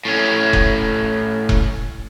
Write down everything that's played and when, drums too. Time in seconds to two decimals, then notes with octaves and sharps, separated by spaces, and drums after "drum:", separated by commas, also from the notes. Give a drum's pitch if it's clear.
0.05 A2 C#4
0.53 drum: kick E1
1.49 drum: kick E1